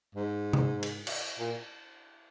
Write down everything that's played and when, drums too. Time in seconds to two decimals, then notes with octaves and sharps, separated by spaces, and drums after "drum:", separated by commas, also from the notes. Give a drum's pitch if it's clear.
0.15 G#2
0.53 drum: tom C3
0.83 drum: cymbal
1.07 drum: cymbal
1.40 A#2